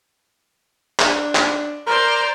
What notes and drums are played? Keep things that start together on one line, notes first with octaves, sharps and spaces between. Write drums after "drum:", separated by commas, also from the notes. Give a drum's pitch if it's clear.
D4, drum: clap
drum: clap
A#4 C5 D5 A#5